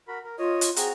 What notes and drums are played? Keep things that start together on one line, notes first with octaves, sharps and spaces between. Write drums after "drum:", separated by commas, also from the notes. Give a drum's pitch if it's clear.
F#4 A#4 B5
A#4
F4 C#5 D#5
drum: hi-hat
C4 F#4 G#4 A#5, drum: hi-hat